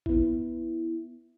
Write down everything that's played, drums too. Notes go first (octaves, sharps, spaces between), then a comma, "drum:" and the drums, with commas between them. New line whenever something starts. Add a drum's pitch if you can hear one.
B3 E4, drum: kick A1